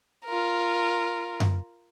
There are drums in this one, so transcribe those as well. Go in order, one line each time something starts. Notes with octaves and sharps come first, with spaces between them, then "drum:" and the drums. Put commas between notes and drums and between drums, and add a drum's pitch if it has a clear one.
F4 A#4
drum: tom F#2